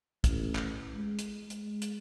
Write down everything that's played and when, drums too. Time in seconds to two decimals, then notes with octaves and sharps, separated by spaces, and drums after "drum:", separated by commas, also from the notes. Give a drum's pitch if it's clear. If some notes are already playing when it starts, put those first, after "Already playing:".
0.24 A1, drum: kick, hi-hat
0.55 drum: clap
0.95 G#3
1.19 drum: hi-hat
1.50 drum: hi-hat
1.82 drum: hi-hat